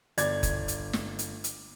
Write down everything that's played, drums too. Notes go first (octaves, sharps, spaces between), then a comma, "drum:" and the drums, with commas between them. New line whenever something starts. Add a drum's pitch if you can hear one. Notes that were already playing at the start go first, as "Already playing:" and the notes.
G1 D5 G#6, drum: hi-hat
drum: kick F#1, hi-hat
drum: hi-hat
drum: snare
drum: hi-hat
drum: hi-hat